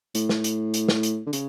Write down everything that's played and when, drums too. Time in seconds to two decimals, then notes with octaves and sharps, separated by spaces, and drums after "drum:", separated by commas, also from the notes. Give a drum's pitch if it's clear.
0.15 A2, drum: hi-hat
0.29 drum: snare
0.44 drum: hi-hat
0.74 drum: hi-hat
0.89 drum: snare
1.03 drum: hi-hat
1.26 D3
1.33 C#3, drum: hi-hat